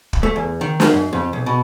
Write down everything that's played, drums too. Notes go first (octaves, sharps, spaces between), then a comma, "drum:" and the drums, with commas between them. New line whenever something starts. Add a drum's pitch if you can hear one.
drum: kick
A3
E2
D#3
drum: snare
F#2
F2
B1
B2